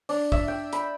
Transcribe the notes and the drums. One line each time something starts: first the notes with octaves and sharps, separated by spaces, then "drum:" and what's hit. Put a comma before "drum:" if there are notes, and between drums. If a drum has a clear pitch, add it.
D4, drum: open hi-hat
E5, drum: kick
G5
B5, drum: hi-hat